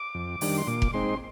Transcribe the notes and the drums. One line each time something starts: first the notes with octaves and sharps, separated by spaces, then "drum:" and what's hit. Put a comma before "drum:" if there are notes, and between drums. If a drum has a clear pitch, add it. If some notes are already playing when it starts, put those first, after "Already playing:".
Already playing: D6
F2
D#3 G3 D4, drum: open hi-hat
C6
A#2 D6
drum: kick F1
G#3 C4 D#4 C6